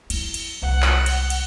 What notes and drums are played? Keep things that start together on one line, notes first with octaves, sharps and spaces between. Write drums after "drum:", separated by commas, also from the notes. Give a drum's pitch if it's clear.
F#3 E4, drum: cymbal
drum: cymbal
C2 G#3 F#5
drum: clap
drum: cymbal
drum: cymbal